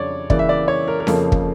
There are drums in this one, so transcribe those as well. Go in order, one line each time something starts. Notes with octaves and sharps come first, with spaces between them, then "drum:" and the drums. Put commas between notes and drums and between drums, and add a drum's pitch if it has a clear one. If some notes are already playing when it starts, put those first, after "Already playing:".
Already playing: F2 C#3 G3 D4 C#5 D5
C#3 E3 A#3 D5, drum: kick
E5
D5
C#5
A#4
A#4
F2 C#3 F3 A#3 C#4 A4, drum: snare C#4
drum: kick